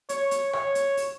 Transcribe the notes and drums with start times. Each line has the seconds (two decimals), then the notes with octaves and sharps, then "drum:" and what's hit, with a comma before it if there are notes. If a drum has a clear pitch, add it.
0.09 C#5, drum: hi-hat
0.31 drum: hi-hat
0.53 C#5, drum: rim click
0.75 drum: hi-hat
0.97 drum: open hi-hat